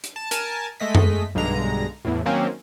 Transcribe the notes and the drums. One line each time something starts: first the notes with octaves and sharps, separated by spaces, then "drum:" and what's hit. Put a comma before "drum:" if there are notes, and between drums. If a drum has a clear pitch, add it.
drum: hi-hat
A5
A#4 G#5 A5, drum: hi-hat
G#3 A3 D#5 B6
drum: tom F#2
B1 G2 D3 G#3 A#5
E2 A2
D#3 F#3 A#3 C4 C#4